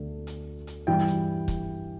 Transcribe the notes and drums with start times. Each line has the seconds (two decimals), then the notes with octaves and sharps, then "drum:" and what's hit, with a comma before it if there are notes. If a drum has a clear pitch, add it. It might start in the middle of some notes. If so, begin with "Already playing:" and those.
Already playing: D2 D3 A3
0.27 drum: hi-hat
0.67 drum: hi-hat
0.87 G2 E3 G3 G5
1.07 drum: hi-hat
1.48 drum: kick, hi-hat